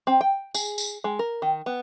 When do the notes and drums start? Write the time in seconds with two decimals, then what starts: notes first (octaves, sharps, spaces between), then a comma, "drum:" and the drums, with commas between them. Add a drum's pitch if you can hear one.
0.07 C4
0.21 G5
0.55 G#4, drum: tambourine
0.78 drum: tambourine
1.04 G#3
1.19 A#4
1.42 D#3
1.66 B3